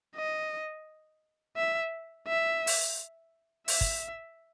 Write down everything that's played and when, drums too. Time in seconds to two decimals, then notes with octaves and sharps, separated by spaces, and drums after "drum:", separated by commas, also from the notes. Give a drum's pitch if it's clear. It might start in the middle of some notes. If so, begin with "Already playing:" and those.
0.16 D#5
1.57 E5
2.27 E5
2.67 drum: open hi-hat
3.68 E5, drum: open hi-hat
3.81 drum: kick